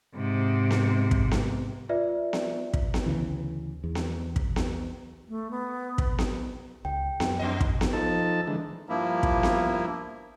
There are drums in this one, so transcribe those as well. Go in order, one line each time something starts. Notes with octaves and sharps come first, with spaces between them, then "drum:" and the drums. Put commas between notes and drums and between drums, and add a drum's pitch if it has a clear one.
G#2 C3
drum: snare B3
drum: kick
drum: snare B3
F4 B4 D5 E5
drum: snare B3
drum: kick
drum: snare B3
D2 C#3 E3
E2
drum: snare B3
drum: kick
drum: snare B3
A3
B3
drum: kick
drum: snare B3
C#2 G5
F#2, drum: snare B3
F2 G#2 D#5
drum: kick
drum: snare B3
F3 D#4 A4 A5
D3 E3 G#3
G2 F3 A#3 E4
drum: kick
drum: snare B3